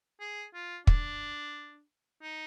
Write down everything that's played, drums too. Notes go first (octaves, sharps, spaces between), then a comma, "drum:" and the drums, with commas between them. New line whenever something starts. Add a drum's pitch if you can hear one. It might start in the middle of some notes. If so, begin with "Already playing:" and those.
G#4
F4
D4, drum: kick
D#4